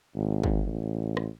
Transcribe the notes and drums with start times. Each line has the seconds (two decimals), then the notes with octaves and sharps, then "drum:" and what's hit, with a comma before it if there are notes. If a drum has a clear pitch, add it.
0.15 G#1
0.44 drum: kick
0.67 A1
1.17 drum: rim click